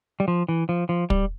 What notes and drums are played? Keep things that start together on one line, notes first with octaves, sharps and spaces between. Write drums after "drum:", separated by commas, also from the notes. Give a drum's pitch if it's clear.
G3
F3
E3
F3
F3
G3, drum: kick